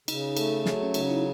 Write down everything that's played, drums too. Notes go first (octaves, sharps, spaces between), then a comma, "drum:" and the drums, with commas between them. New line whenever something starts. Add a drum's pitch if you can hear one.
C#3 D#4, drum: cymbal
A3 A4, drum: cymbal
F#3 G#4, drum: snare
C#4
C#3 D#4, drum: cymbal
E4